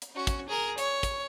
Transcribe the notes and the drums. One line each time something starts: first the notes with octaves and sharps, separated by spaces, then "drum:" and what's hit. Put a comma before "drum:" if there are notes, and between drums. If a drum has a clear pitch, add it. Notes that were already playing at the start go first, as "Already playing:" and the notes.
drum: hi-hat
C#4 F#4
drum: kick, hi-hat
G#4 A#4
C#5, drum: hi-hat
drum: kick, hi-hat